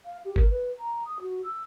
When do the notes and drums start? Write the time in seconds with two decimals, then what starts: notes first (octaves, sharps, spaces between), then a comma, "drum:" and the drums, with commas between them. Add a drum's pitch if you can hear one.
0.05 F5
0.25 G4
0.36 A#4, drum: kick G1
0.50 B4
0.78 A#5
1.05 D#6
1.20 F#4
1.44 E6